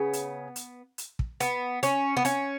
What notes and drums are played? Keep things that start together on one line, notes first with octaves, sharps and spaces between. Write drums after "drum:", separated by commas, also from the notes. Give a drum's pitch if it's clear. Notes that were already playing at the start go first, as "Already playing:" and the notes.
Already playing: C#3 B3
drum: hi-hat
drum: hi-hat
drum: hi-hat
drum: kick
B3, drum: hi-hat
C#4, drum: hi-hat
B3
C#4, drum: hi-hat